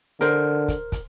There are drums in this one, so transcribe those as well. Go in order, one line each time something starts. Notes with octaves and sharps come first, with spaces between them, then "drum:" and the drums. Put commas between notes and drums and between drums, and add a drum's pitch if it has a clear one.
D3 A#4 C5, drum: hi-hat
drum: kick, hi-hat
drum: kick, hi-hat